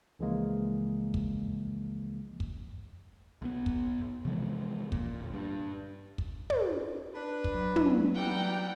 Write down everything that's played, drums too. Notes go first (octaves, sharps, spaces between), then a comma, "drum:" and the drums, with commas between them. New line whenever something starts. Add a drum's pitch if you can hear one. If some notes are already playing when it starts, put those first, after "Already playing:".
C#2 C#3 E3 F3 G#3 A#3
drum: kick
drum: kick
B1 B3
drum: kick
C3 E3 F3 G#3
A#2, drum: kick
G1
G2
drum: kick
drum: tom
D4 B4
drum: kick
F#3
drum: tom
E3 G3 F#5 G5 A#5